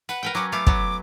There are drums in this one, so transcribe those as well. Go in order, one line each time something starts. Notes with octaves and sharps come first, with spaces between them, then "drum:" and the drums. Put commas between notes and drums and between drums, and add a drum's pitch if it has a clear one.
B4 F#5
A#4 B4 G5
F#3 C#4 D6
A3 B3 F5 D6
F#3 B3, drum: kick